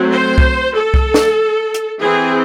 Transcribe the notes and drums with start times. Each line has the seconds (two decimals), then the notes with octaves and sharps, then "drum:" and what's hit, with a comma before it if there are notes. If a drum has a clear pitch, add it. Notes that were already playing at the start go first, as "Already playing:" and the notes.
Already playing: F#3 A3 C4
0.12 C5
0.38 drum: kick C2
0.75 A4
0.94 drum: kick C2
1.14 drum: snare
1.74 drum: hi-hat
2.01 E3 C4 G#4